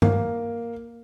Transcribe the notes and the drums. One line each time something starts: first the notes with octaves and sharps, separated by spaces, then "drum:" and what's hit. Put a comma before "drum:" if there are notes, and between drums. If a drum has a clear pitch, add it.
A#3, drum: tom G2